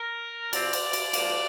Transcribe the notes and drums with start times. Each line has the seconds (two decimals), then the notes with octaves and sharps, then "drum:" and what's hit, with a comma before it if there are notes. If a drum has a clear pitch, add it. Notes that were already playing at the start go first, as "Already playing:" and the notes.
Already playing: A#4
0.53 C3 F3 C4 D5, drum: cymbal
0.73 drum: cymbal
0.93 drum: cymbal
1.13 G#2 F3 A#3, drum: cymbal